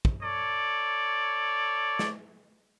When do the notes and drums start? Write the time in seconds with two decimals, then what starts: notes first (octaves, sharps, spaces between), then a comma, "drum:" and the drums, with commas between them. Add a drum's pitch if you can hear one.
0.05 drum: kick
0.23 A4 C#5 D5
1.99 drum: snare